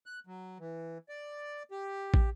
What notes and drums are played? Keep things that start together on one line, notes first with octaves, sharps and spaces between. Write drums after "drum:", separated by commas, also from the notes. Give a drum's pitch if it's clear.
F#6
F#3
E3
D5
G4
drum: kick